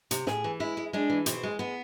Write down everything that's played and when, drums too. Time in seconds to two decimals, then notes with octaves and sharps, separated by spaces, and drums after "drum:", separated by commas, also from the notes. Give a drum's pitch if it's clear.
0.11 C3, drum: hi-hat
0.27 A2 G#4, drum: snare
0.44 E3
0.60 G#3 E4
0.77 G#3
0.93 G#3 D4
1.10 E3
1.26 B2 C4, drum: hi-hat
1.43 G#3
1.59 G#3 B3